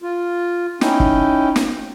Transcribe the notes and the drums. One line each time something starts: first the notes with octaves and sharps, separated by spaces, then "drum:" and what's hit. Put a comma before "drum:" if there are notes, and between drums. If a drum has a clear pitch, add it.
F4
C#4 D#4 E4 G5, drum: snare
drum: kick
drum: snare